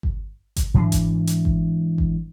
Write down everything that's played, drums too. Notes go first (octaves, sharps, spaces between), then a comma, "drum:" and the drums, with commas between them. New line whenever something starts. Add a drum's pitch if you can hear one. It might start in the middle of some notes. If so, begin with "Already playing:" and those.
drum: kick G1
drum: kick G1, hi-hat
G#2 E3 D4
drum: kick G1, hi-hat
drum: hi-hat
drum: kick G1
drum: kick G1